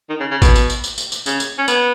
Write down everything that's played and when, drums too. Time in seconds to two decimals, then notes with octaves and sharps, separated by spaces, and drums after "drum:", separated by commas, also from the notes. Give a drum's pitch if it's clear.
0.10 D#3
0.20 C#3
0.31 C#3
0.42 B2, drum: kick A1, tambourine
0.56 drum: tambourine
0.70 drum: tambourine
0.84 drum: tambourine
0.98 drum: tambourine
1.12 drum: tambourine
1.26 C#3, drum: tambourine
1.40 drum: tambourine
1.58 C#4
1.68 B3, drum: tambourine